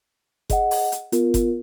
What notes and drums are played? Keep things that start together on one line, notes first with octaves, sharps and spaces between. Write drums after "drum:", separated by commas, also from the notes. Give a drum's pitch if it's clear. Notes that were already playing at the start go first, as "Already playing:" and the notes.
G#4 D#5 F#5, drum: kick F#1, hi-hat
drum: open hi-hat
drum: hi-hat
B3 F4 A#4, drum: hi-hat
drum: kick F#1, hi-hat